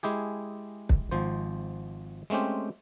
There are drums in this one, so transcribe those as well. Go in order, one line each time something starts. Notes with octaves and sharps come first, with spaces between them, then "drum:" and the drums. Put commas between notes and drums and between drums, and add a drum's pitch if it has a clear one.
G#3 E4 G4 G#4
drum: kick
G#1 F3 C5
G#3 A3 C4 C#4 G4